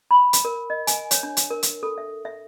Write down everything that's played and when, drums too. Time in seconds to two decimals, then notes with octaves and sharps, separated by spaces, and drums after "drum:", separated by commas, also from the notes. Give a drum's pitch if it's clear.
0.11 B5
0.33 drum: hi-hat
0.45 A#4
0.70 D#5
0.87 G#5, drum: hi-hat
1.11 C#5, drum: hi-hat
1.23 D4
1.37 drum: hi-hat
1.50 A#4
1.63 drum: hi-hat
1.83 A4
1.98 E5
2.25 E5